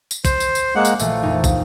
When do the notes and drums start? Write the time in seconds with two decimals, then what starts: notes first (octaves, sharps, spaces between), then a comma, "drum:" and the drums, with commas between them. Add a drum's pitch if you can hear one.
0.11 drum: tambourine
0.25 C5, drum: kick, tambourine
0.40 drum: tambourine
0.55 drum: tambourine
0.75 G#3 A#3 F#5
0.85 drum: tambourine
0.99 A#1 A#2 E3 A3, drum: tambourine
1.23 F2 A#2 D#4
1.44 drum: kick, tambourine